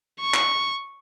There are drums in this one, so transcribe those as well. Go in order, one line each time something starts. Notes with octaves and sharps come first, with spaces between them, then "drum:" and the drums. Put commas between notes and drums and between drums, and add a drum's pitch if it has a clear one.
C#6
drum: clap